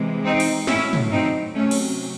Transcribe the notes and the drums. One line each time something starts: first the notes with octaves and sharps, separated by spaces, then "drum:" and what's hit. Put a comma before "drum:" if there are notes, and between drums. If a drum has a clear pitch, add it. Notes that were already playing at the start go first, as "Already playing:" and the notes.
Already playing: C3 E3 G#3
C4 D#4
drum: cymbal
A2 F#3 C#4 E4, drum: snare
drum: tom
C4 D#4
C3 F#3 A3 C#4
drum: cymbal